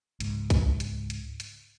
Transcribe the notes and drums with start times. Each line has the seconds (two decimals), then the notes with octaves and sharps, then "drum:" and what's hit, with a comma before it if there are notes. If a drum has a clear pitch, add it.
0.20 C#2 G#2, drum: hi-hat
0.50 drum: kick B1, hi-hat
0.80 drum: hi-hat
1.10 drum: hi-hat
1.40 drum: hi-hat